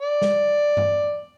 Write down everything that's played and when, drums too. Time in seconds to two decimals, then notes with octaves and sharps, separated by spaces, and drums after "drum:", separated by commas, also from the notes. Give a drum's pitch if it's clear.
0.01 D5
0.22 drum: snare
0.77 drum: tom G2